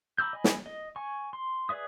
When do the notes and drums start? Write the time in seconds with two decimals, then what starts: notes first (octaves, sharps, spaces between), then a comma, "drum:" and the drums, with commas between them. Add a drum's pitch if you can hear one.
0.18 A#5 B5 D6 E6 G6
0.33 D#5 G#5 B5
0.44 drum: snare
0.66 D#5
0.96 G#5 C#6
1.33 C6
1.69 G#4 B4 D5 E5 D#6